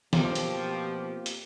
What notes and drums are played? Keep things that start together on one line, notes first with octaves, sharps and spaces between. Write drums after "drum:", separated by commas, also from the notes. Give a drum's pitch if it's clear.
B2 F3 A#3 C4 F4 G4, drum: snare
drum: hi-hat
drum: hi-hat